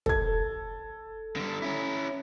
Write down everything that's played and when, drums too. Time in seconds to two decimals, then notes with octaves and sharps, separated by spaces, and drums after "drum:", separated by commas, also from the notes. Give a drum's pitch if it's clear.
0.06 A4 G#6, drum: kick
1.36 D3 G3
1.62 C#4 E4